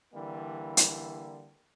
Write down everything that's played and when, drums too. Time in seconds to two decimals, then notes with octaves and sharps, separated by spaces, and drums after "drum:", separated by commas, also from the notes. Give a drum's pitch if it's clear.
0.14 D3 E3 G3 A#3
0.77 drum: hi-hat